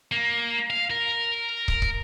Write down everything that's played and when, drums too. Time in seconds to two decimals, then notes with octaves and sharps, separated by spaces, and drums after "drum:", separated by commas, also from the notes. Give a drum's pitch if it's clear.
0.12 A#3
0.70 F5
0.91 A#4
1.68 drum: kick
1.82 drum: kick